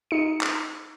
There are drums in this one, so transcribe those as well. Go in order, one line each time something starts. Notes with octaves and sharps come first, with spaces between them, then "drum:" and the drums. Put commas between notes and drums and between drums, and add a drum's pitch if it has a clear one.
D#4 C#7
drum: clap